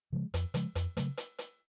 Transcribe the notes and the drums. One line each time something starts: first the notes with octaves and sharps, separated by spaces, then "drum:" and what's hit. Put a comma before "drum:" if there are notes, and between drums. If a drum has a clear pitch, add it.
C#3 F3 G#3
F2, drum: hi-hat
C#3 F3 G#3, drum: hi-hat
F2, drum: hi-hat
C#3 F#3 A3, drum: hi-hat
drum: hi-hat
drum: hi-hat